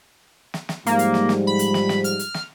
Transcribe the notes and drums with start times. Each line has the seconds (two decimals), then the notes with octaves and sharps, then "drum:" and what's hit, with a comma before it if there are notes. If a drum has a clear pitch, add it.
0.54 drum: snare
0.69 drum: snare
0.86 G#2 F3 G3 A#3, drum: hi-hat
0.99 drum: hi-hat
1.14 drum: snare
1.29 drum: snare
1.47 B5
1.59 drum: hi-hat
1.74 drum: snare
1.89 drum: snare
2.04 F6, drum: hi-hat
2.19 drum: hi-hat
2.34 drum: snare